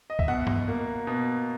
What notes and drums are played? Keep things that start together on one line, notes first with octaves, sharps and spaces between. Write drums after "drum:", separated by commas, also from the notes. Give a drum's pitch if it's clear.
D#5
E5, drum: kick
B2 F#5
drum: tom G2
A#3
B2